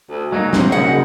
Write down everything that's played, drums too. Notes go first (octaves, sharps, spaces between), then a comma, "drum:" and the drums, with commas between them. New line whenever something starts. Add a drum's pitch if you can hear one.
D2
F#3 G#3 A#3 D#4
C4 C5, drum: snare
F#2 C#3 A#3 D#4 G#4 F#5